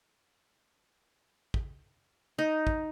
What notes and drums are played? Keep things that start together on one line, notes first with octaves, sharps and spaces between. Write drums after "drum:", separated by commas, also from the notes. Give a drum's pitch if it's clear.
drum: kick
D#4
drum: kick